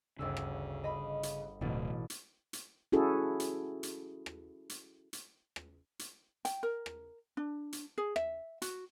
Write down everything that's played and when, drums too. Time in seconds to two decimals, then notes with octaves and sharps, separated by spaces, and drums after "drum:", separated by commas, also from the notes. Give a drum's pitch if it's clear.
0.19 G1 D2 C#3 E6
0.37 drum: rim click
0.84 D#5 B5
1.23 drum: hi-hat
1.61 D1 A1 B2
2.10 drum: hi-hat
2.53 drum: hi-hat
2.92 C#4 E4 F#4 G#4 A4
3.40 drum: hi-hat
3.83 drum: hi-hat
4.26 drum: rim click
4.69 drum: hi-hat
5.13 drum: hi-hat
5.56 drum: rim click
5.99 drum: hi-hat
6.45 G5, drum: hi-hat
6.63 A#4
6.86 drum: rim click
7.37 D4
7.73 drum: hi-hat
7.98 G#4
8.16 E5, drum: rim click
8.62 F#4, drum: hi-hat